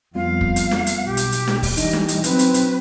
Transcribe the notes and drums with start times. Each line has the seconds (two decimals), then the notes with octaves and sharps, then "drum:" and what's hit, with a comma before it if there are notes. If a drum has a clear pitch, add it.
0.15 F2 G3 B3 F4 F5
0.41 drum: kick
0.56 drum: hi-hat
0.71 drum: snare
0.87 drum: hi-hat
1.05 B1 G4
1.17 drum: hi-hat
1.32 drum: hi-hat
1.47 drum: snare
1.63 drum: kick, open hi-hat
1.77 E3 G3 D4 D#4 D#5, drum: hi-hat
1.93 drum: snare
2.08 drum: hi-hat
2.24 F#3 C4 B4, drum: hi-hat
2.39 drum: hi-hat
2.54 drum: hi-hat